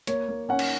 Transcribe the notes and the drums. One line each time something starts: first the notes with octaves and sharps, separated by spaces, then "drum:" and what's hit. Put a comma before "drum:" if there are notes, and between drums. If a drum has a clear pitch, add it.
A#3 C#5, drum: hi-hat
A#3
C#4 F#5
drum: cymbal